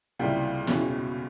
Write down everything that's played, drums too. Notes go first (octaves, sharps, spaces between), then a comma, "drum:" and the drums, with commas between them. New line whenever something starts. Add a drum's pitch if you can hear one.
C#2 C3 E3 G3 A#3 G5
F#1 E2 B2 G#3 C#4, drum: snare